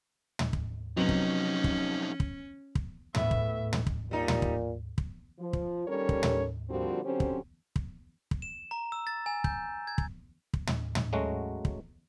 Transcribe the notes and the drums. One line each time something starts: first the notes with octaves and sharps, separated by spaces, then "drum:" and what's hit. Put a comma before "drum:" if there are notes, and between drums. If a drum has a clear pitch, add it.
drum: tom
drum: kick
F2 C3 F#3 B3 C#4 D#4
drum: kick
drum: kick
drum: kick
drum: kick
A2 B3 E5, drum: tom
drum: kick
drum: tom
drum: kick
A#2 G3 D#4
drum: tom
drum: kick
drum: kick
F3
drum: kick
D#2 G3 C#4 A4 A#4 C#5
drum: kick
drum: tom
A#2 D3 F3 G3 C4 F#4
D3 F#3 C4 C#4 G4 C5
drum: kick
drum: kick
drum: kick
E7
A#5
E6
A6
G#5
G6, drum: kick
G#6
drum: kick
drum: kick
drum: tom
drum: tom
F#3 G#3 A3 C#4 F#4
drum: kick